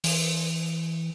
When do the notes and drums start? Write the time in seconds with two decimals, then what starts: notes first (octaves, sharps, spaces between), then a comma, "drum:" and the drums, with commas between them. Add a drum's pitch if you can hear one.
0.04 E3, drum: open hi-hat